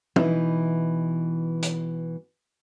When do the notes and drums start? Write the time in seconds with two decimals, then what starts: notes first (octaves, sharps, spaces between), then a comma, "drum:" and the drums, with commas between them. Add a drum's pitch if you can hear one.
0.16 B2 E3 D#4 E4, drum: tom E3
1.62 drum: hi-hat